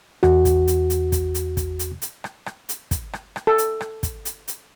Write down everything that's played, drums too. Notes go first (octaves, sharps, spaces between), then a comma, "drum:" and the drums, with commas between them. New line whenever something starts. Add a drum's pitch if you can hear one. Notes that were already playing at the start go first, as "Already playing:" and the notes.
E2 F#4, drum: rim click
drum: kick, hi-hat
drum: hi-hat
drum: hi-hat
drum: kick, hi-hat
drum: hi-hat
drum: kick, hi-hat
drum: hi-hat
drum: hi-hat
drum: rim click
drum: rim click
drum: hi-hat
drum: kick, hi-hat
drum: rim click
drum: rim click
A4
drum: hi-hat
drum: rim click
drum: kick, hi-hat
drum: hi-hat
drum: hi-hat